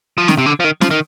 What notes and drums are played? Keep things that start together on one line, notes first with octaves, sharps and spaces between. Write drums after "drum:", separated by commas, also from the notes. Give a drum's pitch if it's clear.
F3
D#3, drum: snare
C3
D3
F3
D#3
F3, drum: snare
D#3